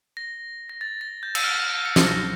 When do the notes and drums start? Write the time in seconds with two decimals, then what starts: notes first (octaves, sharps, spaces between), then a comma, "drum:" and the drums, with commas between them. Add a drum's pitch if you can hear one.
0.17 A#6
0.69 A#6
0.81 A6
1.01 A#6
1.23 G6
1.35 E6, drum: cymbal
1.44 F6
1.65 F6
1.86 C#7
1.96 drum: snare
2.07 A#6